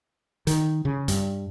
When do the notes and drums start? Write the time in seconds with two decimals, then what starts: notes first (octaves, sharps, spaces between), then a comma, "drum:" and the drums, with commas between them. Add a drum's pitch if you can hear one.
0.47 D#3, drum: hi-hat
0.85 C#3
1.08 G2, drum: hi-hat